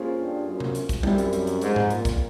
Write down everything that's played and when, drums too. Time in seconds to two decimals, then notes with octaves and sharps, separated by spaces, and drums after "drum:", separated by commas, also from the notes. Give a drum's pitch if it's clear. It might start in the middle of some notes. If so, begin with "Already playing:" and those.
Already playing: A#3 C#4 F4 G#4 C5
0.17 G2
0.46 F#2
0.60 drum: tom C3
0.75 drum: hi-hat
0.89 drum: kick A#1, hi-hat
1.03 F#2 G3 C4 E4, drum: tom G3
1.18 drum: hi-hat
1.33 drum: hi-hat
1.47 drum: hi-hat
1.61 G#2, drum: hi-hat
1.76 drum: tom G#2
1.90 A#2, drum: hi-hat
2.05 drum: kick A#1, hi-hat